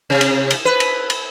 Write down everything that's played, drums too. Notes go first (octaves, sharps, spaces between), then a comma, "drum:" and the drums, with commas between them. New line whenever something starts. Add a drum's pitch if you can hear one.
C3
drum: cymbal
drum: cymbal
B4
drum: cymbal
drum: cymbal